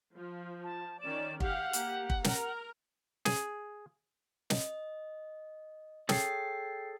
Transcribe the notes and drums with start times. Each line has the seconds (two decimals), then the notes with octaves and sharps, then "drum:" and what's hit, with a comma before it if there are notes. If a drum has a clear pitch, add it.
0.15 F3
0.64 A5
1.02 D#3 C#4 D5 E7
1.40 G4 F5 F#5, drum: kick
1.73 A#3 G4, drum: hi-hat
2.10 drum: kick
2.24 A#4 A#5, drum: snare
3.25 G#4, drum: snare
4.50 D#5, drum: snare
6.09 G#4 A4 C#5 G5 C7, drum: snare